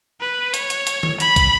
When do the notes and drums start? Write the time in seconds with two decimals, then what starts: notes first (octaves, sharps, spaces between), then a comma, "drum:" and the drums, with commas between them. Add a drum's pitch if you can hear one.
0.21 B4
0.54 C#5, drum: hi-hat
0.70 drum: hi-hat
0.87 drum: hi-hat
1.03 drum: tom D#3
1.20 B5, drum: hi-hat
1.36 drum: kick, hi-hat